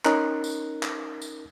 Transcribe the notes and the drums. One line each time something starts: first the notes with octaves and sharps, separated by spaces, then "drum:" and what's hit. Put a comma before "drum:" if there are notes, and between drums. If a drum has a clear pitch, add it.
C#4 D#4 A#4 F#6, drum: clap
drum: tambourine
drum: clap
drum: tambourine